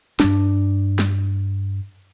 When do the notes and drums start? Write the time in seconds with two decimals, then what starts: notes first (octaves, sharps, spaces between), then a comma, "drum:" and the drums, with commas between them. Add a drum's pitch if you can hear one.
0.20 G2 D4, drum: snare
0.99 drum: snare